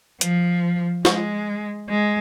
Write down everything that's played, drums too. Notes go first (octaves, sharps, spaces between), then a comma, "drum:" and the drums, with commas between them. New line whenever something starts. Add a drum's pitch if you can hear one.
F3, drum: hi-hat
G#3, drum: snare
G#3